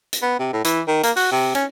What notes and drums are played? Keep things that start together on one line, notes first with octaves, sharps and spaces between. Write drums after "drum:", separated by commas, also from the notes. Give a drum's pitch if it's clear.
drum: hi-hat
B3
C3
A2
E3, drum: hi-hat
D#3
A#3, drum: hi-hat
F#4, drum: open hi-hat
C3
C#4, drum: hi-hat